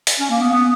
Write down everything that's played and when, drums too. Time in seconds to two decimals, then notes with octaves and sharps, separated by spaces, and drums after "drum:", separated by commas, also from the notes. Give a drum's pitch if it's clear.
0.07 drum: open hi-hat
0.20 C#4
0.30 A#3
0.41 B3
0.53 B3